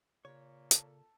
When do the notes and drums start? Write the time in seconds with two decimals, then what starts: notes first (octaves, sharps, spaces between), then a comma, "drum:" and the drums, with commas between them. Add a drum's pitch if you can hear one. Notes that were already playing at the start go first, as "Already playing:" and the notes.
0.25 A#2 C#3 C#5
0.71 A4, drum: hi-hat